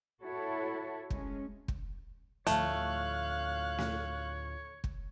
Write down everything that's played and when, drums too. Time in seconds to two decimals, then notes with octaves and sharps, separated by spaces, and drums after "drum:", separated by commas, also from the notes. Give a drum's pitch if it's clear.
0.22 E4 F#4 A4 C#5
1.10 G#3 C#4, drum: kick
1.68 drum: kick
2.47 D2 A2 F3 A3 C#5 F5 F#6, drum: hi-hat
3.78 drum: snare
4.84 drum: kick